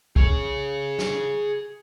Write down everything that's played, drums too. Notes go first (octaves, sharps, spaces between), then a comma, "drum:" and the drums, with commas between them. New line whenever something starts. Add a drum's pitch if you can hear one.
G#4 C#5, drum: kick B1
drum: snare